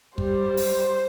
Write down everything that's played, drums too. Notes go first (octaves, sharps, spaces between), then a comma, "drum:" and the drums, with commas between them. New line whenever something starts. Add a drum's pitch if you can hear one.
G3 C5, drum: kick
drum: open hi-hat